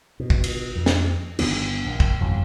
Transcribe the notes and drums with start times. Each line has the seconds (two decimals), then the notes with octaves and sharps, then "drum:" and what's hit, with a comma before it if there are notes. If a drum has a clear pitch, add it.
0.20 B2
0.30 drum: kick
0.44 drum: cymbal
0.76 F2
0.86 drum: snare
1.39 G1 D#3 B3 D4, drum: cymbal
1.86 A#1
2.00 drum: kick
2.21 G1 F2 B2 E3